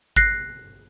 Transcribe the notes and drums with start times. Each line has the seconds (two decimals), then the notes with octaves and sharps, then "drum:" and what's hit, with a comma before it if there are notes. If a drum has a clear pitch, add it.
0.16 F#6 A#6 C7, drum: kick G#1